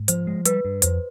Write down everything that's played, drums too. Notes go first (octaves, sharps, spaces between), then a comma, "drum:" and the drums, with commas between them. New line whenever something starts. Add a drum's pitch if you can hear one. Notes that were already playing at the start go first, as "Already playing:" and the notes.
Already playing: G#2
F3 C5, drum: hi-hat
G#3
G3 B4, drum: hi-hat
G2
F2 C5, drum: hi-hat